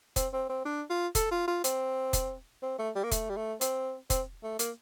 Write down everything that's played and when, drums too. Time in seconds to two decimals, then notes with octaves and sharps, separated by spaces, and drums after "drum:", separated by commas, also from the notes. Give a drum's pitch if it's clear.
0.16 C4, drum: kick, hi-hat
0.33 C4
0.49 C4
0.65 D4
0.90 F4
1.15 A4, drum: kick, hi-hat
1.31 F4
1.48 F4
1.64 C4, drum: hi-hat
2.13 drum: kick, hi-hat
2.62 C4
2.79 A3
2.95 G3
3.04 A#3
3.12 A3, drum: kick, hi-hat
3.30 G3
3.36 A3
3.61 C4, drum: hi-hat
4.10 C4, drum: kick, hi-hat
4.43 A3
4.59 A#3, drum: hi-hat